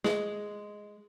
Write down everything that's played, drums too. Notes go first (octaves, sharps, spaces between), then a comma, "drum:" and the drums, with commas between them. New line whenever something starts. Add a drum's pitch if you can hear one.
G#3, drum: snare